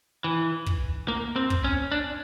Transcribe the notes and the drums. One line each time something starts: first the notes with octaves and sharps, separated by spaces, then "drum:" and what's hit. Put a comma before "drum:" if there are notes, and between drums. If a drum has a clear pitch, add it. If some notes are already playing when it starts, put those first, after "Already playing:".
E3
drum: kick
A#3
C4
drum: kick
C#4
D4